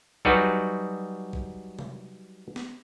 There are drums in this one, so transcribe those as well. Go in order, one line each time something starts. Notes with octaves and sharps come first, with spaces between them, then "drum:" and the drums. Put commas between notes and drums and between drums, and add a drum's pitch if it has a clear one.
F#3 G3 D#4 F#4 G#4 B4, drum: kick
drum: kick
drum: tom C3
drum: snare